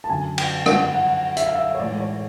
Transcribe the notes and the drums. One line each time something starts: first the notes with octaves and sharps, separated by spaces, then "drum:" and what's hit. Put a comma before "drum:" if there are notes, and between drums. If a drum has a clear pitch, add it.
A5
F#2 D3 F#3 G#5
G5, drum: cymbal
F#5, drum: rim click
F#5
E5, drum: hi-hat
F5
E5
C#5
A2 E3 G#3 D5
C#5